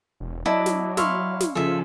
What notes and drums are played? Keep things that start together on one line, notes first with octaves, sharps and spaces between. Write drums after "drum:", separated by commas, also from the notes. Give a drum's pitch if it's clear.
E1
F#3 E4 D5 D#5 A5
drum: snare
E4 F5 C6 C#6 E6, drum: snare
drum: snare
C#3 F3 F4 G#4 A4 E5